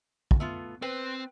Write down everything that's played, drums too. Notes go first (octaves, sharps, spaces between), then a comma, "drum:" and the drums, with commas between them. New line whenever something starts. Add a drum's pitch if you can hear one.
drum: kick
A3 B3 F4
C4 B4 G5